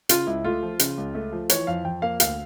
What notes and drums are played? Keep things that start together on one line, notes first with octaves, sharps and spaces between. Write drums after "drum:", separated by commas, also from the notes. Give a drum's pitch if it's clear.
C#3 F4, drum: hi-hat
C#2 E4
A3 F4
F3
C#3, drum: hi-hat
C#2
A3
F3
E3 C#5, drum: hi-hat
F2 F5
F2 G5
A#3 F5
D2 F5, drum: hi-hat